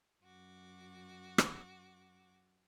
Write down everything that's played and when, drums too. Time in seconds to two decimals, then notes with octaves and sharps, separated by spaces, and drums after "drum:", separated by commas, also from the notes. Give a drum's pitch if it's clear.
0.24 F#2 F#4 D6
1.38 drum: rim click